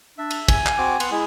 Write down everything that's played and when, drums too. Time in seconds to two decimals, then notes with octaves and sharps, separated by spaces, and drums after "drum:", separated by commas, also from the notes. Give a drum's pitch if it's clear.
0.18 D4 E5
0.31 drum: cymbal
0.48 G#5, drum: kick, cymbal
0.66 drum: clap
0.78 C4 F#4 D6
1.00 B3 F#5 C6, drum: cymbal
1.12 G#3 E4 G#4